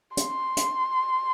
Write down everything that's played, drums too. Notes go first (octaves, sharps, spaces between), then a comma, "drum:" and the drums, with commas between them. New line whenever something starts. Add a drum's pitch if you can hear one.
C6, drum: hi-hat
drum: hi-hat